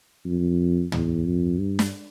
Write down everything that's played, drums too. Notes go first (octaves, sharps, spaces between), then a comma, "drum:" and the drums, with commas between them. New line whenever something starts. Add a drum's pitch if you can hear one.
F2
E2, drum: tom
F2
G2
drum: snare